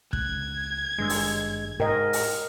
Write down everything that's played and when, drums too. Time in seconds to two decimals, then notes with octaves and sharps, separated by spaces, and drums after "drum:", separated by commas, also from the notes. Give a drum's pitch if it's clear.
0.13 C#2 F#6 G#6, drum: kick
0.98 G#1 G2 G#3 E6
1.10 drum: open hi-hat
1.80 G#2 A#4 D#5 G5
2.13 drum: open hi-hat